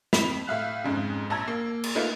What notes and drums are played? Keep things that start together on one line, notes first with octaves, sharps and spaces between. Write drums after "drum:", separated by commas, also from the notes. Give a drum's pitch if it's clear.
F2 B5 B6 F7, drum: snare
A2 E5 F5 F#6
F2 G#2 C#3
A#1 A5 A#5 E6 G#6
A#3
drum: cymbal
A3 A#3 D#4 F4 B4